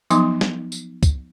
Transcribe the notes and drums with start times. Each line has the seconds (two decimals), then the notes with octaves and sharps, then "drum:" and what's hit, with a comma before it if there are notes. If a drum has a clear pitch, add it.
0.10 F3 F#3 B3 D#4 C6 D6, drum: tambourine
0.41 drum: snare
0.72 drum: tambourine
1.03 drum: kick, tambourine